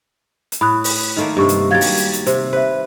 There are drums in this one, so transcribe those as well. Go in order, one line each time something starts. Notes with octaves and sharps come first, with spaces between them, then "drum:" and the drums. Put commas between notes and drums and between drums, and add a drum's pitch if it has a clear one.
drum: hi-hat
A2 B5 D#6 F#6
drum: open hi-hat
D#3 A3 A#3
G2 C3 G4 C#6
drum: hi-hat
F#3 G3 F5 G#6 A6
drum: open hi-hat
drum: hi-hat
drum: hi-hat
C3 C5, drum: hi-hat
B4 C5 E5